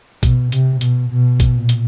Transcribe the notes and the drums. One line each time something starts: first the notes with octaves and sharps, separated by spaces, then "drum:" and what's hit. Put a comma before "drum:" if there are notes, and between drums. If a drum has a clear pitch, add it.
B2, drum: kick, hi-hat
C3, drum: hi-hat
B2, drum: hi-hat
B2
drum: kick, hi-hat
A#2
drum: hi-hat